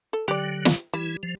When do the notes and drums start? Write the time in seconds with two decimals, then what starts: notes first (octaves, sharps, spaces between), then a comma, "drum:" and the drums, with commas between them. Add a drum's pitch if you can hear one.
0.13 A4
0.28 D3 F#3 G4 D5
0.65 drum: snare
0.93 E3 G3 E4
1.23 F3